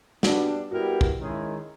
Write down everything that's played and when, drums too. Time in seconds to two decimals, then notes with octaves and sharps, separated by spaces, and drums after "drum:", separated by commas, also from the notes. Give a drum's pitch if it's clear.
0.23 G3 B3 D4 F#4, drum: snare
0.71 G3 B3 E4 F#4 G4 A#4
1.01 drum: kick
1.19 D#3 G#3 C#4 E4 G#4